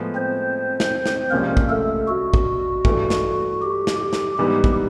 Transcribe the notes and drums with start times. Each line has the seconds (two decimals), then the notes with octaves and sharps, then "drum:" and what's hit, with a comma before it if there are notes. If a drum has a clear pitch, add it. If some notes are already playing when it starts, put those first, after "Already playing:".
Already playing: A2 F3 G#3 B3
0.15 C4 C5
0.80 drum: snare
1.06 drum: snare
1.31 C2 C3 F3 G#3 A#3 C#4 A#4
1.57 drum: kick
1.69 A3 A4
2.08 F#4
2.34 drum: kick
2.85 G2 E3 A3, drum: kick
3.10 drum: snare
3.62 G4
3.87 drum: snare
3.99 G4
4.13 drum: snare
4.38 G#2 E3 G3 B3 D#4 G4
4.64 drum: kick